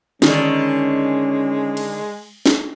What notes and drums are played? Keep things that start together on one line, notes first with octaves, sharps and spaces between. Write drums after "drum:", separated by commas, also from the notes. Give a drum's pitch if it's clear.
D3 D#3 G#3 C#4, drum: snare
drum: cymbal
drum: snare